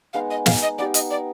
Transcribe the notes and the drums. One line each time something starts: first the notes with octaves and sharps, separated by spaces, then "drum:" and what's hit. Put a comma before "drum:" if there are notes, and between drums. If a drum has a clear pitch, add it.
G#3 B3 D#4 F5
D#5
F5, drum: snare
D#5
B3 D#4 G4 D5
D#5, drum: hi-hat
D5